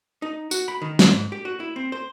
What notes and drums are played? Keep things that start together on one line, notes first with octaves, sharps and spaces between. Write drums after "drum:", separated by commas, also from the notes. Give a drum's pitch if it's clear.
D#4
F#4, drum: tambourine
B5
D#3
E2, drum: snare
G#2
G4
F#4
E4
C4
C5